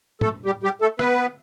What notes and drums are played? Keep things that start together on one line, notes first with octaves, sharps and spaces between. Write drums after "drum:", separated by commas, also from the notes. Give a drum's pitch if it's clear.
A3 A4, drum: tom
G3 G4
G3 G4
A3 A4
B3 B4, drum: rim click